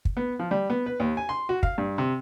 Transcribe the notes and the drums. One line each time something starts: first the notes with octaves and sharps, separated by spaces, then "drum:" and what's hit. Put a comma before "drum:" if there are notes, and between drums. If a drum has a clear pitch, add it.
drum: kick
B3
F3
G3
B3
B4
D#2
G#5
C6
F#4
F5, drum: kick
G2
C3